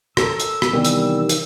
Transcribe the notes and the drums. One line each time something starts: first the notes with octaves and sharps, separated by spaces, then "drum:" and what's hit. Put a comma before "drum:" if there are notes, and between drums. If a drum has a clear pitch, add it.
A4 A#4 E6, drum: rim click
drum: hi-hat
drum: rim click
C3 D#3 E3 G3 B3
drum: hi-hat
drum: hi-hat